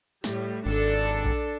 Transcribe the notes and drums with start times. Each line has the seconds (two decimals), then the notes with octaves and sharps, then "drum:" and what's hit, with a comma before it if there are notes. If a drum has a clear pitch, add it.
0.24 A2 G3, drum: snare
0.66 G#1 D4 A4
0.87 drum: open hi-hat
1.25 drum: kick A#1